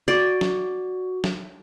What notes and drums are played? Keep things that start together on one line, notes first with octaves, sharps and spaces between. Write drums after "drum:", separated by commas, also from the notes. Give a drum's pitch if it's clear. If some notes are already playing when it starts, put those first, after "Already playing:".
F#4 D5
drum: snare
drum: snare